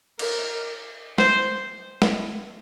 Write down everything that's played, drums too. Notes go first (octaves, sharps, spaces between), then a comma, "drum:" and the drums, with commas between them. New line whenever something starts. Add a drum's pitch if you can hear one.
A#4, drum: cymbal
C5, drum: snare
drum: snare